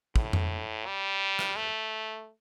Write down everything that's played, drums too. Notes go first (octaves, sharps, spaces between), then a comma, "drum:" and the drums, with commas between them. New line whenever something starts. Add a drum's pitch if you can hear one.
A2, drum: kick
drum: tom F2
G3
drum: rim click
A3